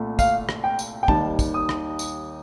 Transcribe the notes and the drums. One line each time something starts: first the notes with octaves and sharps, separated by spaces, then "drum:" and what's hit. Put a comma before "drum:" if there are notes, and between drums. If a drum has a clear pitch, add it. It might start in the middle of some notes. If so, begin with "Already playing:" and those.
Already playing: C2 A#2 A3
F5, drum: kick, tambourine
drum: rim click
G5
drum: tambourine
G5
D#2 D#3 G3 A5, drum: kick
drum: kick, tambourine
D#6
drum: rim click
drum: tambourine